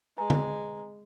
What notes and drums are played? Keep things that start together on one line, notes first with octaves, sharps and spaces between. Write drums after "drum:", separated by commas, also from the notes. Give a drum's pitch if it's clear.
G#3 B4 G#5 A#5
drum: tom D3